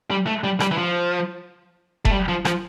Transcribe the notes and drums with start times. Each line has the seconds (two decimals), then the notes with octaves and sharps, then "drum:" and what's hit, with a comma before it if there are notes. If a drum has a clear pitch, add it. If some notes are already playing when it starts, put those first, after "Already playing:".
0.10 G3
0.27 A3
0.44 G3
0.60 G3, drum: rim click
0.71 E3
0.78 F3
2.05 A3, drum: kick F1
2.11 G3
2.29 F3
2.45 F3, drum: rim click